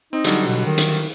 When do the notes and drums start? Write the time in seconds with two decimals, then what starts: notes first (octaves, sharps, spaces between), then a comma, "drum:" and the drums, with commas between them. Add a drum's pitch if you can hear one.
0.13 C4 D#4
0.24 D3 F#3 G3, drum: hi-hat
0.46 B2
0.66 D#3
0.78 drum: hi-hat